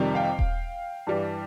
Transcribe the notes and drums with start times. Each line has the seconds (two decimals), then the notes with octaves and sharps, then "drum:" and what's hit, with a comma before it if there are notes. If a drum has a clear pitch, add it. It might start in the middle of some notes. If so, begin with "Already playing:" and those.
Already playing: F2 C3 D#3 G3
0.15 F5 G5
0.39 drum: kick D#1
1.07 G2 E3 G3